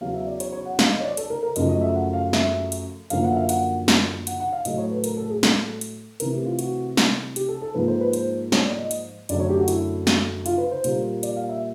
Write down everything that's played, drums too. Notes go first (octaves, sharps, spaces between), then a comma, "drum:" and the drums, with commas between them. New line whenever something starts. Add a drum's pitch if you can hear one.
E2 C#3 F#3 F5
E5
D5
C#5, drum: hi-hat
C#5
F#5
F5, drum: snare
D#5
C#5
D5
A4, drum: hi-hat
A#4
A#4
F#2 C#3 F3 A3 D#5, drum: hi-hat
D#5
E5
F#5
F5
E5, drum: snare
drum: hi-hat
F#2 D3 F3 A#3 F5, drum: hi-hat
F#5
E5
F5
F#5, drum: hi-hat
drum: snare
F#5, drum: hi-hat
F#5
F5
A2 F#3 A3 D#5, drum: hi-hat
C#5
B4
A#4, drum: hi-hat
A4
G#4
A4, drum: snare
drum: hi-hat
C3 E3 A3 A#4, drum: hi-hat
G4
F4
F#4, drum: hi-hat
drum: snare
G4, drum: hi-hat
A4
A4
G#2 F3 A#3 B4
C5
B4
C5, drum: hi-hat
C#5, drum: snare
D5
D#5
drum: hi-hat
F#2 D3 F#3 A3 D5, drum: hi-hat
C#5
G4
F#4
E4, drum: hi-hat
drum: snare
F4, drum: hi-hat
B4
C5
A#2 G3 A#3, drum: hi-hat
D5, drum: hi-hat
F5
E5